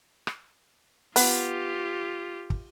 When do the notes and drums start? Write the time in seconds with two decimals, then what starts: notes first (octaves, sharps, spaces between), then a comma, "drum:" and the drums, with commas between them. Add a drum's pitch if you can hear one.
0.27 drum: rim click
1.16 B3 F4 G4, drum: open hi-hat
2.50 drum: kick